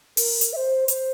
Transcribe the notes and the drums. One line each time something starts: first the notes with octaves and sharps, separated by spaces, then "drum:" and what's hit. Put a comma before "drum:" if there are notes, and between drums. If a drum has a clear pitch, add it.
A#4, drum: open hi-hat
drum: hi-hat
E5
C5
C5, drum: hi-hat